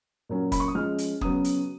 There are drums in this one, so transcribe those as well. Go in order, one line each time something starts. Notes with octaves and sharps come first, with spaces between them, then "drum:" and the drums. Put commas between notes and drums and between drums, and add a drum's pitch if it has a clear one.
A#2 F#3 A#3 C#4
B5, drum: kick, hi-hat
C#6
D#6
F3 G#3 C#4 F6
drum: hi-hat
C#3 F#3 B3 D#6, drum: kick
drum: hi-hat